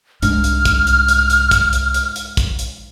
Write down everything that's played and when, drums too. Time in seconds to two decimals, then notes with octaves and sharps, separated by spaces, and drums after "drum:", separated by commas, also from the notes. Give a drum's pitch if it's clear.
0.22 C2 G#2 D4 F6, drum: hi-hat
0.44 drum: hi-hat
0.65 drum: kick, hi-hat
0.87 drum: hi-hat
1.08 drum: hi-hat
1.30 drum: hi-hat
1.51 drum: kick, hi-hat
1.73 drum: hi-hat
1.94 drum: hi-hat
2.16 drum: hi-hat
2.37 drum: kick, hi-hat
2.59 drum: hi-hat